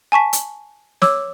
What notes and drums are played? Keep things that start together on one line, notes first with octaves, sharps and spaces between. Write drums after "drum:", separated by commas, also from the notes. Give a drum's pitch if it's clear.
G#5 A5 C#6 B6
drum: hi-hat
C#5 D6 E6, drum: snare